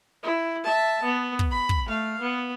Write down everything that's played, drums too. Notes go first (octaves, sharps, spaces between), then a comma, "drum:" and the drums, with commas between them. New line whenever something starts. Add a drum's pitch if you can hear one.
E4
E5 A5
B3
drum: kick
B5
drum: kick
A3 F5
B3